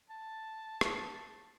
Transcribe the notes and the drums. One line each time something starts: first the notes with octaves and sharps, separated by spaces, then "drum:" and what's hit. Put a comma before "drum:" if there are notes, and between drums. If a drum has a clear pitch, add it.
A5
drum: rim click